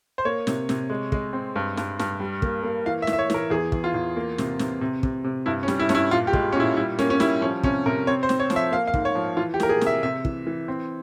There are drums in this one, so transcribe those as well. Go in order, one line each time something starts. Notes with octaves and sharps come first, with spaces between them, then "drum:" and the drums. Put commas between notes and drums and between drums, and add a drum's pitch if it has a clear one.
C5
A#3 C#5
C3, drum: snare
C3, drum: snare
G#3
G#3, drum: kick
C4
G2
G2, drum: snare
G2, drum: snare
G3
A#3, drum: kick
A#3
E3 F5
E5
E3, drum: snare
E5
C#5
E3 A#4, drum: snare
E2 G#4
E2, drum: kick
F4
E2
A#3
C3, drum: snare
C3, drum: snare
C3
C3, drum: kick
C3
G2 E4
C#4
G3, drum: snare
E4
G2 C#4, drum: snare
E4
A#2 F4
G4
G#3, drum: kick
C#4
A#2 E4
G3 E4
A#3 C#4, drum: snare
C#4
G3 E4, drum: snare
F3 C#4
C3 C#4, drum: kick
C3 A#4
C4 C#5
C5
C4, drum: snare
C#5
F3, drum: snare
E5
A#3 F5
F5
G#2, drum: kick
C#5
F3
E3 F4
G4
A#3 A#4, drum: snare
G#4
C3, drum: snare
E5
C3 E5
E3, drum: kick
E3
C4